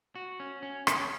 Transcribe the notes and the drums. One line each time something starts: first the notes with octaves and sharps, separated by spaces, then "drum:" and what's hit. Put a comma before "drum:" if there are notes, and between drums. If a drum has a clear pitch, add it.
F#4
C#4
C#4
C#4, drum: rim click